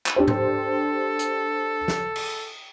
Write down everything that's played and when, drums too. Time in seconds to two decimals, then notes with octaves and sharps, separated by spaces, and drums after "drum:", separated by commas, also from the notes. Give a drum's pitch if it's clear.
0.06 drum: clap
0.16 D4 G4 A4 C5
0.28 drum: tom G#2
1.19 drum: hi-hat
1.88 drum: snare
2.16 drum: cymbal